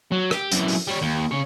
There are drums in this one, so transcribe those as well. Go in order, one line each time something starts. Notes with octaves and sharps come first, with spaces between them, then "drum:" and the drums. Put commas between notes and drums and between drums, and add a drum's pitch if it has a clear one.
F#3
G4, drum: rim click
F#2 E3, drum: hi-hat
drum: open hi-hat
G3 C#5
D#2
C#3 C#5